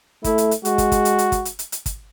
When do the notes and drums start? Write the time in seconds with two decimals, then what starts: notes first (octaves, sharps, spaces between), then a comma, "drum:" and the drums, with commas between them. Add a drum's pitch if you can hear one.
0.24 A3 E4, drum: kick, hi-hat
0.38 drum: hi-hat
0.51 drum: hi-hat
0.65 G#3 F#4, drum: hi-hat
0.78 drum: kick, hi-hat
0.92 drum: kick, hi-hat
1.05 drum: hi-hat
1.18 drum: hi-hat
1.32 drum: kick, hi-hat
1.45 drum: hi-hat
1.59 drum: hi-hat
1.72 drum: hi-hat
1.86 drum: kick, hi-hat